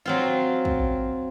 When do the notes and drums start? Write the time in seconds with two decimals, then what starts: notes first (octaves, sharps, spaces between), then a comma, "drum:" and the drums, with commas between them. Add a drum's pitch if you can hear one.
0.05 F#3 C4 F4
0.65 drum: kick